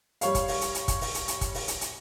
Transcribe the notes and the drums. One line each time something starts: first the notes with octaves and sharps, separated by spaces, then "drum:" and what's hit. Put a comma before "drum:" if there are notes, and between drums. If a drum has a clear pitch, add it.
G3 C#5 F5, drum: hi-hat
drum: kick, hi-hat
drum: open hi-hat
drum: hi-hat
drum: hi-hat
drum: kick, hi-hat
drum: open hi-hat
drum: hi-hat
drum: hi-hat
drum: kick, hi-hat
drum: open hi-hat
drum: hi-hat
drum: hi-hat